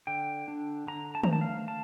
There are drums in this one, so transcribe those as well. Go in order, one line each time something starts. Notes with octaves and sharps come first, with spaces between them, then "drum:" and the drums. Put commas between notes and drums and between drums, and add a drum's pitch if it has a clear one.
D3 G5
D4
D3 A#5
A5
A#5, drum: tom D#3
A3 A5
F5
A5